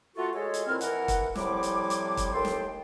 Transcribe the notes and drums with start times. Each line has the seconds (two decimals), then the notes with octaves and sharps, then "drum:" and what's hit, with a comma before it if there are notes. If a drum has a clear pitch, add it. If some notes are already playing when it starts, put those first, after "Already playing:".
0.16 A3 F4 F#4 A4
0.34 G#3 A4 C#5
0.54 drum: hi-hat
0.67 F2 A#2 C4 E4 E6 F6
0.81 E3 A#4 F#5, drum: hi-hat
1.08 drum: kick, hi-hat
1.35 A2 C3 F3 G3 E4 D6, drum: snare
1.63 drum: hi-hat
1.90 drum: hi-hat
2.17 drum: kick, hi-hat
2.33 D#2 A4 G5 C6
2.45 drum: snare